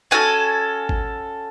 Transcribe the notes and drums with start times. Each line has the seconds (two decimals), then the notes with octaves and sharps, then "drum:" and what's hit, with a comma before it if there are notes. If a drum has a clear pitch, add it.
0.11 C#4 F#4 A4 F#5 G#5
0.89 drum: kick G#1